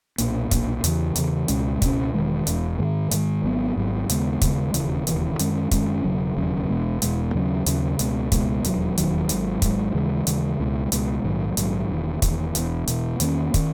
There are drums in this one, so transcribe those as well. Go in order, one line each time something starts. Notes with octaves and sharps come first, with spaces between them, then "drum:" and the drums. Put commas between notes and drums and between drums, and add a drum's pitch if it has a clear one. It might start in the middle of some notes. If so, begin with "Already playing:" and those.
B1 A#2 A#3, drum: hi-hat
B1 A#2 A#3, drum: kick, hi-hat
E2 C#3 E3, drum: hi-hat
E2 C#3 E3, drum: hi-hat
C#2 B2 G#3 C#4, drum: hi-hat
C#2 B2 G#3 C#4, drum: kick, hi-hat
E1 E2 D#3 G#3
E1 E2 D#3 G#3, drum: hi-hat
G#2 D#3 G#3
G#2 D#3 G#3, drum: hi-hat
G#1 G#2 F#3 B3
G#1 G#2 F#3 B3
D#2 C#3 G#3 B3, drum: hi-hat
D#2 C#3 G#3 B3, drum: kick, hi-hat
E1 D#2 C#3 E3, drum: hi-hat
E1 D#2 C#3 E3, drum: hi-hat
F#2 D#3 G#3 C#4, drum: hi-hat
F#2 D#3 G#3 C#4, drum: kick, hi-hat
E1 D#2 C#3 F#3
E1 D#2 C#3 F#3
E1 E2 B2 G#3
E1 E2 B2 G#3, drum: hi-hat
D#2 C#3 F#3 C#4
D#2 C#3 F#3 C#4, drum: hi-hat
C#2 B2 G#3, drum: hi-hat
C#2 B2 G#3, drum: kick, hi-hat
E1 D#2 D#3 F#3, drum: hi-hat
E1 D#2 D#3 F#3, drum: hi-hat
G#1 G#2 F#3, drum: hi-hat
G#1 G#2 F#3, drum: kick, hi-hat
D#2 C#3 E3 G#3
D#2 C#3 E3 G#3, drum: hi-hat
C#2 B2 G#3
C#2 B2 G#3, drum: hi-hat
A#1 G#2 D#3 F#3
A#1 G#2 D#3 F#3, drum: hi-hat
E1 E2 D#3
E1 E2 D#3, drum: kick, hi-hat
E1 E2 B2, drum: hi-hat
E1 E2 B2, drum: hi-hat
E2 D#3 A#3 C#4, drum: hi-hat
D#3 A#3 C#4, drum: kick, hi-hat